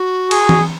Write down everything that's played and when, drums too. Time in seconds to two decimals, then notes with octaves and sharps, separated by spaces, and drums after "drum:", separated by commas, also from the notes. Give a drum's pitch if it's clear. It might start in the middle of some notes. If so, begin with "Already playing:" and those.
Already playing: F#4
0.31 G#4, drum: cymbal
0.49 drum: tom E3